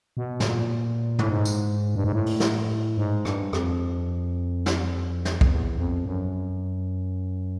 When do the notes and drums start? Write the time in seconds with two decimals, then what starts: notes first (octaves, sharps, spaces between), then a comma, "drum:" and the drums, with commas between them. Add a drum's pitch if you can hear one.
0.17 B2
0.40 A2, drum: snare
0.45 A#2
1.19 A2, drum: tom
1.29 G#2
1.45 drum: tambourine
1.95 G2
2.04 G#2
2.13 A2
2.26 drum: open hi-hat
2.40 drum: snare
2.97 G#2
3.25 G2, drum: rim click
3.53 F2, drum: rim click
4.66 drum: snare
5.25 drum: snare
5.41 F2, drum: kick
5.50 E2
5.78 F2
6.06 F#2